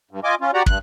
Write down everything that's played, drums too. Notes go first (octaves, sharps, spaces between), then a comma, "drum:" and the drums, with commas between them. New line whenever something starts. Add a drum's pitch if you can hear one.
G2
F4 D#5 G#5 D6
C#4 F4
F#4 G4 D5 F#5 A#5
G2 F#6, drum: kick